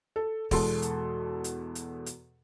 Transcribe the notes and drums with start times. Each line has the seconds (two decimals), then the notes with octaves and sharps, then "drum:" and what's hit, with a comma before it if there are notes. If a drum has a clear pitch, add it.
0.16 A4
0.51 E2 B2 G#3 A4 C6, drum: kick, open hi-hat
0.82 drum: hi-hat
1.44 drum: hi-hat
1.75 drum: hi-hat
2.06 drum: hi-hat